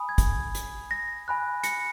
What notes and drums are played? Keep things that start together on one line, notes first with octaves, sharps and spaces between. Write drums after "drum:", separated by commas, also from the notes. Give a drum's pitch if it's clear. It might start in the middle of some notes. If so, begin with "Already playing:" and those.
Already playing: G#5 B5 D#6
G#6
drum: kick, hi-hat
drum: hi-hat
A#6
G#5 B5 F#6
A#6 C#7, drum: hi-hat